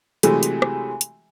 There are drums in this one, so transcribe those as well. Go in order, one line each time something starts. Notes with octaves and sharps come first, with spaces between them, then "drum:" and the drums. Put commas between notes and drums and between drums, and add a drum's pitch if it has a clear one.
C3 E3 F#3 G#3 A3 G#4, drum: hi-hat
drum: hi-hat
drum: rim click
drum: hi-hat